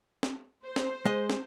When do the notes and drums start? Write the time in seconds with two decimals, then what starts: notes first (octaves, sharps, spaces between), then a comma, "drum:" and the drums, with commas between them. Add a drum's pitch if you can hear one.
0.23 drum: snare
0.63 C5
0.76 drum: snare
1.05 G#3 D#5
1.30 drum: snare